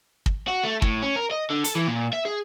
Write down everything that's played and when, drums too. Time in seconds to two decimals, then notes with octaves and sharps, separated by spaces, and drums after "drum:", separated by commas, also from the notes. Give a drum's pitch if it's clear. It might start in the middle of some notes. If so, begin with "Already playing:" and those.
0.26 drum: kick
0.48 F#4
0.64 A3
0.82 A2, drum: kick
1.03 C#4
1.16 A#4
1.31 D#5
1.50 D3
1.64 A4, drum: hi-hat
1.75 E3
1.87 A#2
2.13 E5
2.25 G#4